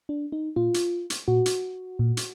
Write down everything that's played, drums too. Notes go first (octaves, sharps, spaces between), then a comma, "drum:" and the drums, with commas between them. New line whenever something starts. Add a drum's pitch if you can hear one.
D4
D#4
A#2 F4
drum: hi-hat
drum: hi-hat
A#2 F#4
drum: hi-hat
A#2
drum: hi-hat